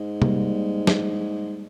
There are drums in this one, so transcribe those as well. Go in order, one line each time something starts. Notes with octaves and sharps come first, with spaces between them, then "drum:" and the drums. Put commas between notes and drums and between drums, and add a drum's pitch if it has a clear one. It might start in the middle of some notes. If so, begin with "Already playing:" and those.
Already playing: G#2
G3 A#3, drum: tom C3
drum: snare